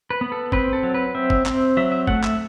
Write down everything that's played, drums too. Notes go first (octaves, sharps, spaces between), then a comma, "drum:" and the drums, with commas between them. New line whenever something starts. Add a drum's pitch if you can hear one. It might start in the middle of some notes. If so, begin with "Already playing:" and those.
B4
B3
A4
C4 B4, drum: kick
A4
F#3
B4
C4 E5
drum: kick
C4, drum: clap
F#3 E5
E5
A3 F#5, drum: kick
E5, drum: clap